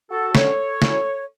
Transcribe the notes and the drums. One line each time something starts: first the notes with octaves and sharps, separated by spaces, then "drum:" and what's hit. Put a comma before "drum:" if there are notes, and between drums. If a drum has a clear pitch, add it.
F#4 A4
D3 F#3 C#4 A4 C#5, drum: snare
F#3 C#4 E4, drum: snare